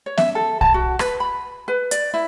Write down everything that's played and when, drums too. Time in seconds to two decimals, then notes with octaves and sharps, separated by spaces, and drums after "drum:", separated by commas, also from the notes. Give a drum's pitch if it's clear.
0.06 C#5
0.17 E5, drum: snare B3
0.35 A4
0.61 A5, drum: kick
0.74 F#4
0.99 B4, drum: rim click
1.20 B5
1.68 B4
1.91 D5, drum: hi-hat
2.14 E4